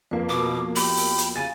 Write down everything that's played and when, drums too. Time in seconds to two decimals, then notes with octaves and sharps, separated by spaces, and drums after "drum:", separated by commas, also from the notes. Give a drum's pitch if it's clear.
0.11 F2 A#3 C4 F4 B4
0.29 B2 B3 F4 F#4 D6
0.76 G4 B5, drum: open hi-hat
0.97 drum: open hi-hat
1.18 drum: hi-hat
1.36 C#3 F5 G#5 A6